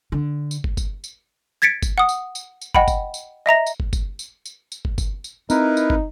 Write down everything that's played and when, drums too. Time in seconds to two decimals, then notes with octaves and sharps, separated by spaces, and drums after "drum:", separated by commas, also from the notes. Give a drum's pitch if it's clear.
0.12 D3
0.51 drum: tambourine
0.64 drum: kick
0.77 drum: kick, tambourine
1.04 drum: tambourine
1.62 G#6 A6 B6 C#7 D7
1.83 drum: kick, tambourine
1.98 F#5 D#6
2.09 drum: tambourine
2.35 drum: tambourine
2.61 drum: tambourine
2.75 D#5 F#5 G5 B5, drum: kick
2.88 drum: kick, tambourine
3.14 drum: tambourine
3.46 D#5 E5 A#5 A#6
3.67 drum: tambourine
3.80 drum: kick
3.93 drum: kick, tambourine
4.19 drum: tambourine
4.45 drum: tambourine
4.72 drum: tambourine
4.85 drum: kick
4.98 drum: kick, tambourine
5.24 drum: tambourine
5.50 C4 D#4 E4 A#4 B4, drum: tambourine
5.77 drum: tambourine
5.90 drum: kick